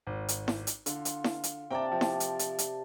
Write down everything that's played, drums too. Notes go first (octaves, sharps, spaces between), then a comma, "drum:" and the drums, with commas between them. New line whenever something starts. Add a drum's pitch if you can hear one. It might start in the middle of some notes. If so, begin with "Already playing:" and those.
G#1
drum: hi-hat
drum: snare E4
drum: hi-hat
D3 F4, drum: hi-hat
drum: hi-hat
drum: snare E4
drum: hi-hat
C3 D5 G5 A5 A#5 D6
F3
drum: snare E4
drum: hi-hat
drum: hi-hat
drum: hi-hat